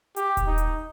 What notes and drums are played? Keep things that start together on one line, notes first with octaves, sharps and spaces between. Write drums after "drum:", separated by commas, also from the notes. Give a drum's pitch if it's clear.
G4, drum: hi-hat
drum: kick D#1, hi-hat
D#4
drum: hi-hat